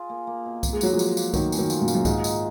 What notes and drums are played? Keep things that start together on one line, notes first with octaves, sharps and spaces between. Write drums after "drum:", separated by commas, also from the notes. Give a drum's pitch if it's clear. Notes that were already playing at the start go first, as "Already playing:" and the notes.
Already playing: F4 G#4
A#3
A#3
B2
F4, drum: kick C2, tambourine
G#3
F#3 A#3, drum: tambourine
F3 G#3
A#3, drum: tambourine
A#3, drum: tambourine
D#3 F#3 A#3, drum: kick C2, tambourine
G#4, drum: tambourine
D#3 F#3
F4, drum: tambourine
F#2 A#2
F4, drum: tambourine
F#2
G#2 D#4, drum: kick C2, tambourine
D#4, drum: tambourine